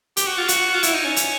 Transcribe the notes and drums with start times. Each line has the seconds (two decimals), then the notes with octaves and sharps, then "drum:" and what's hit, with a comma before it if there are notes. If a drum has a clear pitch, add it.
0.17 G4, drum: hi-hat
0.27 F#4
0.38 F4
0.48 F#4, drum: hi-hat
0.74 F4
0.83 E4, drum: hi-hat
0.94 D#4
1.05 C#4
1.16 drum: hi-hat